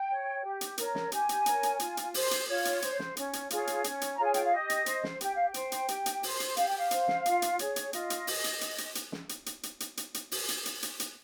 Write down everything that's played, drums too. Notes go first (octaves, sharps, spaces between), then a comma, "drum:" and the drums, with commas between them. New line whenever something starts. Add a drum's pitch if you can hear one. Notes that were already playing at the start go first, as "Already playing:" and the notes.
Already playing: G5
C#5
G4
drum: hi-hat
A#4 C#5, drum: hi-hat
drum: snare
G4 G#5, drum: hi-hat
drum: hi-hat
A#4 C#5, drum: hi-hat
drum: hi-hat
F4, drum: hi-hat
drum: hi-hat
C5, drum: open hi-hat
drum: hi-hat
F4 C#5
drum: hi-hat
C5, drum: hi-hat
drum: snare
C#4, drum: hi-hat
drum: hi-hat
F4 G#4 C#5, drum: hi-hat
drum: hi-hat
C#4, drum: hi-hat
drum: hi-hat
F4 G#4 C#5 A#5
G#5
G5, drum: hi-hat
F5
G4 D#5
drum: hi-hat
C5, drum: hi-hat
drum: snare
G4 G5, drum: hi-hat
F5
G5
C5, drum: hi-hat
drum: hi-hat
G4, drum: hi-hat
drum: hi-hat
C5, drum: open hi-hat
drum: hi-hat
G4 F5, drum: hi-hat
G5
F5
C5, drum: hi-hat
drum: snare
F4, drum: hi-hat
drum: hi-hat
G#4 C#5, drum: hi-hat
drum: hi-hat
F4 D#5, drum: hi-hat
drum: hi-hat
drum: open hi-hat
drum: hi-hat
drum: hi-hat
drum: hi-hat
drum: hi-hat
drum: snare
drum: hi-hat
drum: hi-hat
drum: hi-hat
drum: hi-hat
drum: hi-hat
drum: hi-hat
drum: open hi-hat
drum: hi-hat
drum: hi-hat
drum: hi-hat
drum: hi-hat